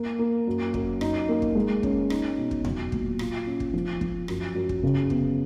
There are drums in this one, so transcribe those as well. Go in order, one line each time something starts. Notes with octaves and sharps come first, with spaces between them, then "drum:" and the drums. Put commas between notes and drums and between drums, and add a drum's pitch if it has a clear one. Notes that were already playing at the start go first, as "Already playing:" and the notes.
Already playing: A#3
A#3
F#2
F#2, drum: kick
D#4, drum: rim click
A#3
drum: kick
G#3
C#4, drum: kick
D#4, drum: rim click
B2
drum: kick
F#3, drum: tom E2
A#2, drum: kick
F4, drum: rim click
C#4
drum: kick
F3
F3, drum: kick
F#2, drum: rim click
F#2
drum: kick
C#3
B3, drum: kick